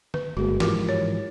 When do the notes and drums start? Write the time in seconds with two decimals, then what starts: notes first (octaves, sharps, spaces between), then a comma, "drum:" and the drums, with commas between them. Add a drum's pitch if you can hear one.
0.14 B4, drum: tom
0.37 G1 G#3 A#3 F#4
0.60 G#2 E3 F3 F4 G4 A#4, drum: snare
0.89 C#5